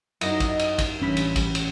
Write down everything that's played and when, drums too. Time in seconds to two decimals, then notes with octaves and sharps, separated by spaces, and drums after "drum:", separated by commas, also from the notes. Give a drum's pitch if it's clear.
0.21 F#2 D#4 E4 D#5, drum: cymbal
0.40 drum: kick A1, cymbal
0.59 drum: cymbal
0.78 drum: kick A1, cymbal
1.02 A1 G2 C#4 B5 B6
1.17 drum: cymbal
1.36 drum: kick A1, cymbal
1.55 drum: cymbal